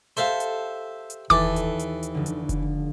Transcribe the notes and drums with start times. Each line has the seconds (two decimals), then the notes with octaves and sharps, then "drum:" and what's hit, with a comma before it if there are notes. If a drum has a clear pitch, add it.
0.17 G4 A4 C5 E5 F5, drum: hi-hat
0.40 drum: hi-hat
1.10 drum: hi-hat
1.30 D#2 E3 A4 D6 A6, drum: kick F1, hi-hat
1.56 drum: hi-hat
1.79 drum: hi-hat
2.03 drum: hi-hat
2.14 F1 D3
2.26 drum: hi-hat
2.49 drum: kick F1, hi-hat